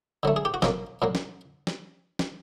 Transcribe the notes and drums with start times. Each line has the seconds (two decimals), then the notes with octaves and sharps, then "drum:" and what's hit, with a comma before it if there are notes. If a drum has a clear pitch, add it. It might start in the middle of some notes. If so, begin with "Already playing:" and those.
0.23 D3 F#3 A3
0.36 G#4
0.45 G4
0.54 F#4
0.62 B2 F#3 A#3 F4, drum: snare
1.02 A#2 F#3 A#3
1.15 drum: snare
1.67 drum: snare
2.19 drum: snare